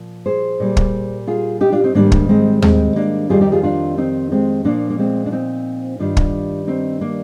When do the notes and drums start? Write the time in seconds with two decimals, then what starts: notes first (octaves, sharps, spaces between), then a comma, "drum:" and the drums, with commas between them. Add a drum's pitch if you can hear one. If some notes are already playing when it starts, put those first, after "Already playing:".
Already playing: A#2 F3
0.26 G#4 C5
0.60 A#2 G3
0.77 drum: kick
1.27 F4 G#4
1.61 D#4 G4
1.72 D4 F4
1.84 C4 D#4
1.94 G#2 D#3 G3 A#3 D4
2.12 drum: kick
2.29 G#3 C4
2.62 G#3 C4, drum: tom D#2
2.96 A#3 D4
3.29 F2 D#3 G3 F4 G#4
3.41 D#4 G4
3.52 F4 G#4
3.63 D4 F4
3.97 C4 D#4
4.31 G#3 C4
4.65 A#2 F3 A#3 D4
4.90 A#3
4.99 G#3 C4
5.26 D4
5.32 C4 D#4
5.99 G2 D#3 G3 D4 F4
6.17 drum: kick
6.67 C4 D#4
7.01 A#3 D4